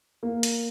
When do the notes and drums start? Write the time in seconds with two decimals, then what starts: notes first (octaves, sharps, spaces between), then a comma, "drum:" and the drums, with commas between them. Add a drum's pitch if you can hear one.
0.23 A#3
0.43 drum: hi-hat